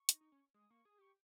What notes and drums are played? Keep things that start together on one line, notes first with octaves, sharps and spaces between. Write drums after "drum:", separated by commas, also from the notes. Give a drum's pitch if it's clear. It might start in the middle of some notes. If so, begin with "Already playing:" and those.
Already playing: C#6
D#4, drum: hi-hat
D#4
C#4
G#3 D#6
A#3 C#6
G#4 D#6
G4 C#6